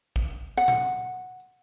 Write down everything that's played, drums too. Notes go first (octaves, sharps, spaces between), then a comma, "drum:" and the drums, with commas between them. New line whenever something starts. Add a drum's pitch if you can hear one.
drum: kick
F#5
drum: tom A#2